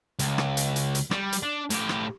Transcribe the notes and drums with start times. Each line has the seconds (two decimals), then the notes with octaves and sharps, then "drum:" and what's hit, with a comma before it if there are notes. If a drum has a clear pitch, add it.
0.19 C#2, drum: hi-hat
0.38 drum: rim click
0.57 drum: hi-hat
0.76 drum: hi-hat
0.95 drum: hi-hat
1.11 G3, drum: rim click
1.32 drum: hi-hat
1.43 D4
1.70 A2 G4, drum: hi-hat
1.89 drum: rim click